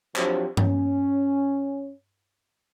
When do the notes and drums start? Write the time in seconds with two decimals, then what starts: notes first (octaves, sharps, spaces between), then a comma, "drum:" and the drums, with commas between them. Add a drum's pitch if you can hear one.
0.16 F3 F#3 C4 D4 G4 C5, drum: clap
0.57 C#4, drum: tom G2